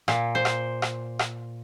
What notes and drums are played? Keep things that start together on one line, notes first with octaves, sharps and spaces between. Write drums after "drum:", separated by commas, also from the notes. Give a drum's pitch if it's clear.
A#2, drum: rim click
C5
drum: rim click
drum: rim click
drum: rim click